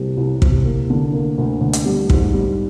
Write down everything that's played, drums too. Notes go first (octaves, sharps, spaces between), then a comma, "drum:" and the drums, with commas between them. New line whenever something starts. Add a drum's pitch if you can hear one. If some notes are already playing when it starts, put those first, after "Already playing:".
Already playing: C2 C3 G3 A#3
C2
C3, drum: kick
A#3
D3
A#3
D2
D2
drum: hi-hat
G3
G#2, drum: kick
G3